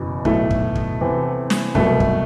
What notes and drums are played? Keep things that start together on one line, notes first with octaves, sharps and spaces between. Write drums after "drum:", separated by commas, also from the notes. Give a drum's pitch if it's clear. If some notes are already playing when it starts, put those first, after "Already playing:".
Already playing: F#1 E2 B2
B1 A2 F#3 A3, drum: kick
drum: kick
drum: kick
E2 C3 E3
drum: snare
C2 B2 F#3 A3, drum: kick
drum: kick